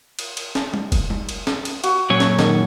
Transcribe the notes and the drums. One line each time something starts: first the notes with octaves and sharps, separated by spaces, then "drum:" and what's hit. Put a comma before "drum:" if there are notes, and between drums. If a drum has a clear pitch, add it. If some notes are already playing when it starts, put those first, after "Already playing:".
drum: cymbal
drum: cymbal
drum: snare
drum: tom G3
drum: kick F1, cymbal
drum: tom G3
drum: cymbal
drum: snare
drum: cymbal
F#4, drum: cymbal
F#2 A#2 C#5
drum: snare
D#3, drum: snare